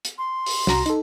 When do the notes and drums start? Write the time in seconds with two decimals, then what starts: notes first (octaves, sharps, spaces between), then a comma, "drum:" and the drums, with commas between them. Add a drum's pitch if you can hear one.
0.05 drum: hi-hat
0.18 C6
0.46 drum: open hi-hat
0.67 C2 F#4 A#5, drum: snare
0.86 D#4 A4, drum: hi-hat